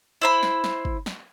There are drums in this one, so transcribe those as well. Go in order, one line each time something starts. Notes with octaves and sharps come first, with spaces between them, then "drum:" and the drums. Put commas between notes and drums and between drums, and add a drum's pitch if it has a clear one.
E4 C5 B5
drum: snare
drum: snare
drum: kick
drum: snare